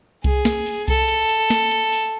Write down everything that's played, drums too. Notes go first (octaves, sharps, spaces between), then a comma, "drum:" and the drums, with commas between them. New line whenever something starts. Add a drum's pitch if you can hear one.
G#4, drum: kick C2, hi-hat
drum: snare
drum: open hi-hat
A4, drum: kick C2, hi-hat
drum: hi-hat
drum: hi-hat
drum: snare
drum: hi-hat
drum: open hi-hat